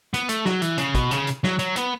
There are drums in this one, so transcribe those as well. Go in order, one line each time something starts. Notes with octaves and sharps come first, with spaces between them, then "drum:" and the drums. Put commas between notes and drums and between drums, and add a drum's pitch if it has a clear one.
B3, drum: hi-hat
A3, drum: hi-hat
F#3, drum: snare
E3, drum: hi-hat
C#3, drum: hi-hat
B2, drum: kick A1, hi-hat
C#3, drum: hi-hat
drum: hi-hat
F#3, drum: snare
F#3, drum: hi-hat
B3, drum: hi-hat